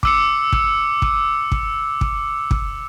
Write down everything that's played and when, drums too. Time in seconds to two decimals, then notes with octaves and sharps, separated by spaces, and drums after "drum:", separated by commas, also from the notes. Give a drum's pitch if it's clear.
0.03 D6 E6 C#7, drum: kick
0.52 drum: kick
1.02 drum: kick
1.52 drum: kick
2.01 drum: kick
2.51 drum: kick